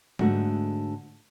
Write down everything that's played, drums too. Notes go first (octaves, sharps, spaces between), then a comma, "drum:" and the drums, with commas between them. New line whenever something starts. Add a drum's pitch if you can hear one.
G#2 D3 A3 F#4, drum: tom F#3